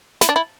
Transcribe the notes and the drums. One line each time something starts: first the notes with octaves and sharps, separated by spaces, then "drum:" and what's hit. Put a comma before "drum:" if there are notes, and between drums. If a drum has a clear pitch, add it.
E4, drum: snare
D4
E4